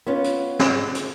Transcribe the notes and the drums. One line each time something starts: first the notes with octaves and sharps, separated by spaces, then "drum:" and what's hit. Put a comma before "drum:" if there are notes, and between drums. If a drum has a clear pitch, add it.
B3 C#4 F4
drum: hi-hat
drum: snare
drum: hi-hat